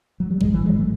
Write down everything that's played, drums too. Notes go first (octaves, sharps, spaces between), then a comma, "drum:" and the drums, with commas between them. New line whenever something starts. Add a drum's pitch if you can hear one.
F#3
G3
A1 G#2 F#3 G#3, drum: kick
E3 F#3
F#3 G#3
G3 A3